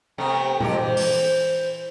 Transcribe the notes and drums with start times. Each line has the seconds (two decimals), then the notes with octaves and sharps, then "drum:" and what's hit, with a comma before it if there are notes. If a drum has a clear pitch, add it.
0.18 C3 A3 B3 G5
0.60 F2 C3 G4, drum: tom A#2
0.80 E3 C5
0.97 drum: open hi-hat